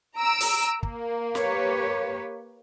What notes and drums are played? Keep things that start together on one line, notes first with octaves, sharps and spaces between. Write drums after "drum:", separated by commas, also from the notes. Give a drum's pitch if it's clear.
A#5 E6 D7
drum: open hi-hat
A#3, drum: kick
G4 B4 C#5, drum: snare